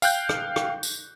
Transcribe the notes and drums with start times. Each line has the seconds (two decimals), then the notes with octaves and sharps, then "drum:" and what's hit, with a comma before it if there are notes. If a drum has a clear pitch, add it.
0.02 F5 G5 F#6 G6, drum: tambourine
0.29 drum: rim click
0.56 drum: rim click
0.83 drum: tambourine